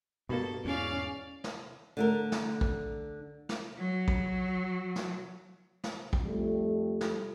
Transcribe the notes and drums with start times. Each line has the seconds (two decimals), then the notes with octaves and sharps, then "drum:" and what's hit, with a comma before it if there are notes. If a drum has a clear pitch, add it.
0.29 G2 B2 A#3 A4
0.65 E2 G#2 C#4 D5 F5
1.44 drum: snare
1.97 D3 A3 A#4
2.32 drum: snare
2.61 drum: kick
3.49 drum: snare
3.78 F#3
4.08 drum: kick
4.96 drum: snare
5.84 drum: snare
6.13 drum: kick
6.25 F2 G3 A3
7.01 drum: snare